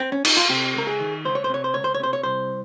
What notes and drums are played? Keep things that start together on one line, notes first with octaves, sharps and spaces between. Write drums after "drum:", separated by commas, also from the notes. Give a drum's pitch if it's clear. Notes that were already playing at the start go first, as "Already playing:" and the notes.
C4
C#4
D#4, drum: cymbal
F4
C3 G4
C#2 A#4
G#4
D#3
C#2 C5
C#5
C5
C3 C#5
C5
C#2 C#5
C5
C#5
C3 C5
C#5
C2 C5